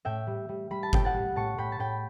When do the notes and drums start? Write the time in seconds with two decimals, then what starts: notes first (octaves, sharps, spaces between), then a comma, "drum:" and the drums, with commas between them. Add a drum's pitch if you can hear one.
0.05 A2 E5 G5
0.27 G3
0.49 G3
0.70 G3 B5
0.83 A5
0.93 A2 G5, drum: kick G1
1.05 F#5 A5
1.14 G3
1.35 A2 A5 C#6
1.58 A2 G5 B5
1.72 A5
1.79 A2 G5 B5